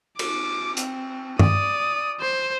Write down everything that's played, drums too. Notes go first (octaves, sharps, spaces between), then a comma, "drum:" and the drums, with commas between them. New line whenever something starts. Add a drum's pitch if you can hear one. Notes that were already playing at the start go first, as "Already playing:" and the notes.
D6, drum: cymbal
C4, drum: hi-hat
D5 D#6, drum: tom
C5